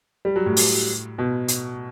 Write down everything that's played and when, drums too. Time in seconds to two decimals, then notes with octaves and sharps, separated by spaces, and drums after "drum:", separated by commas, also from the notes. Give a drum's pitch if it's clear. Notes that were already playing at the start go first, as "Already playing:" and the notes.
0.25 G3
0.36 F#3
0.46 A2
0.57 drum: open hi-hat
1.18 B2
1.48 drum: hi-hat